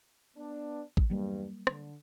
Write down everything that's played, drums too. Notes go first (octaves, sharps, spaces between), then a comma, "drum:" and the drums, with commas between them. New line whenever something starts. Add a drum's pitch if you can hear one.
B3 D4
drum: kick A1
E2 G2 F#3 G3 A#3
D3, drum: rim click